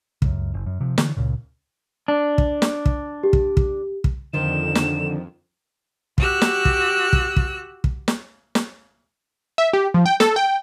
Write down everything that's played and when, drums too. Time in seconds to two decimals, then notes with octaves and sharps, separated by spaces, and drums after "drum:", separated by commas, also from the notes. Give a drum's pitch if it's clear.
0.22 C#2 F#2, drum: kick
0.54 F#1
0.66 F#2
0.81 C3 F3
0.98 D3 E3, drum: snare
1.17 C#2 A#2 C#3
2.08 D4
2.38 drum: kick
2.62 drum: snare
2.86 drum: kick
3.23 G4
3.33 drum: kick
3.57 drum: kick
4.04 drum: kick
4.33 F2 D3 D#3 F3 D#4 E7
4.75 drum: snare
6.18 F#4 G4 E6 F#6, drum: kick
6.42 drum: snare
6.65 drum: kick
7.13 drum: kick
7.36 drum: kick
7.84 drum: kick
8.08 drum: snare
8.55 drum: snare
9.58 E5
9.73 G4
9.94 F3
10.06 G5
10.20 A4, drum: snare
10.36 G5